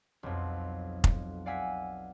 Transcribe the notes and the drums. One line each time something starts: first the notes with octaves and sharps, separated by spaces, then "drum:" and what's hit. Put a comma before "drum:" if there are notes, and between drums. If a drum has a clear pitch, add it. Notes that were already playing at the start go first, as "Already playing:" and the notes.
B1 F2
drum: kick F1
D5 F5 F#5 G#5 E6 B6